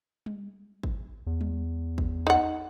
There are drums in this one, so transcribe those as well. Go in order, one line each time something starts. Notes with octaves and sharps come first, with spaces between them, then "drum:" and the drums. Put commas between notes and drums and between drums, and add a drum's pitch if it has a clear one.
drum: tom G3
drum: kick
E2
drum: tom G3
drum: kick
D#4 F#5